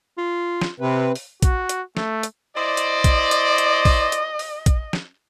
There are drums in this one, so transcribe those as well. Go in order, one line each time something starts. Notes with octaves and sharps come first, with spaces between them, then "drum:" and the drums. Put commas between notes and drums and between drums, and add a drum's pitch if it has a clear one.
F4
drum: snare
C3 C4 B4
drum: open hi-hat
F#4, drum: kick A#1, hi-hat
drum: hi-hat
A3, drum: snare
drum: hi-hat
E4 C5 D5 D#5
drum: hi-hat
drum: kick A#1, hi-hat
drum: hi-hat
drum: hi-hat
drum: kick A#1, open hi-hat
drum: hi-hat
drum: open hi-hat
drum: kick A#1, hi-hat
drum: snare